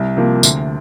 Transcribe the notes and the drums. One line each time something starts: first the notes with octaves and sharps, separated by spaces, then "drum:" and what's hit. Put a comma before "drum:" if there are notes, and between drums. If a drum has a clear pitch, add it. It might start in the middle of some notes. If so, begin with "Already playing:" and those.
Already playing: C2
C3 F3 A#3
D2, drum: tambourine